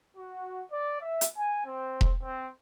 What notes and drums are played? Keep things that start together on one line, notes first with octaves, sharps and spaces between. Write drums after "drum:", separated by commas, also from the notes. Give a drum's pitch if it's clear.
F#4
D5
E5
drum: hi-hat
G#5
C4
drum: kick E1
C4